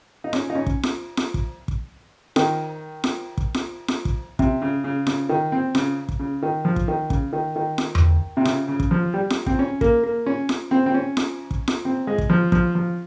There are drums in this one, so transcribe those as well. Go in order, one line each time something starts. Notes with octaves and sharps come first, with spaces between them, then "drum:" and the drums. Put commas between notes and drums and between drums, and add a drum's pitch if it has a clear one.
D#4
C#4, drum: snare F4
D#4
C#4
drum: kick
drum: snare F4
drum: snare F4
drum: kick
drum: kick
D#3, drum: snare F4
drum: snare F4
drum: kick
drum: snare F4
drum: snare F4
drum: kick
C3, drum: kick
C#3
C#3
C#3, drum: snare F4
D#3
C4
C#3, drum: snare F4
drum: kick
C#3
D#3
F3
drum: kick
D#3
C#3, drum: kick
D#3
D#3
drum: snare F4
drum: tom E2
C3
C#3, drum: snare F4
C#3
drum: kick
F3
G3
drum: snare F4
C4, drum: kick
C#4
A#3, drum: kick
A#3
C#4
drum: snare F4
C4
C4
C#4
drum: snare F4
drum: kick
drum: snare F4
C4
G#3
drum: kick
F3
F3, drum: kick
F3